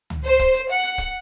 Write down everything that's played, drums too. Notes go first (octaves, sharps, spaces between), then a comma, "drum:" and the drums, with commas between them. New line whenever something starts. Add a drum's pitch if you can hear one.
drum: tom C#2
C5
drum: kick, hi-hat
drum: hi-hat
F#5
drum: hi-hat
drum: kick, hi-hat